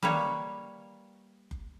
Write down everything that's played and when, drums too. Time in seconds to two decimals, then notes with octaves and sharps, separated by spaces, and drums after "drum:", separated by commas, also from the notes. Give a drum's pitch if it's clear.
0.03 G3 A#3 B4 C#5, drum: tom D#3
1.51 drum: kick F#1